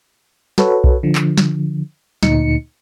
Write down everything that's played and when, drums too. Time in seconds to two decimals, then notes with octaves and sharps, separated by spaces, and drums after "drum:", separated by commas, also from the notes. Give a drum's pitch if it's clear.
0.58 F#4 A4 B4 C#5, drum: snare
0.84 drum: kick B1
1.03 D3 F3
1.15 drum: clap
1.38 drum: snare
2.23 D2 A#2 D#4 C#7, drum: snare